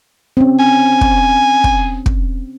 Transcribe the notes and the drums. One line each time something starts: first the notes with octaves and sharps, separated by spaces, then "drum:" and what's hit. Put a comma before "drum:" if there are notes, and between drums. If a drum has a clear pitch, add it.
C4 C#4
G#5
drum: kick
drum: kick
drum: kick